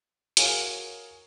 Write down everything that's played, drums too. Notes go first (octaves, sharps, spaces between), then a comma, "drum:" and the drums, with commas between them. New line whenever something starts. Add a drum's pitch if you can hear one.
F#4 G#4 A#4 C#5 F5 G#5, drum: hi-hat